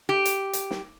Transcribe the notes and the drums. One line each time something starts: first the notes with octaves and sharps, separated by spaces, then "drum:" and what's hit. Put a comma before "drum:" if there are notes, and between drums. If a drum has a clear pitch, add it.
G4
drum: hi-hat
drum: hi-hat
drum: snare